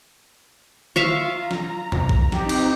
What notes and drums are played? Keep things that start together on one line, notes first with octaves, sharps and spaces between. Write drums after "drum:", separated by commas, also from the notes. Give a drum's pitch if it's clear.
F4 E5 F5 C#6
A#5
drum: snare
drum: tom
drum: kick A1
C4 D#4 G4, drum: snare
drum: cymbal